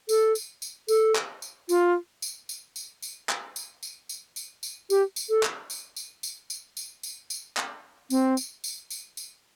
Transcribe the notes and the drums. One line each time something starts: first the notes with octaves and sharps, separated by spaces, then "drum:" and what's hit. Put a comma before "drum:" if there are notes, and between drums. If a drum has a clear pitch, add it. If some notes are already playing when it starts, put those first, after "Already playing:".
A4, drum: tambourine
drum: tambourine
drum: tambourine
A4, drum: tambourine
drum: clap
drum: tambourine
F4, drum: tambourine
drum: tambourine
drum: tambourine
drum: tambourine
drum: tambourine
drum: clap
drum: tambourine
drum: tambourine
drum: tambourine
drum: tambourine
drum: tambourine
G4, drum: tambourine
drum: tambourine
A4
drum: clap
drum: tambourine
drum: tambourine
drum: tambourine
drum: tambourine
drum: tambourine
drum: tambourine
drum: tambourine
drum: clap
C4, drum: tambourine
drum: tambourine
drum: tambourine
drum: tambourine
drum: tambourine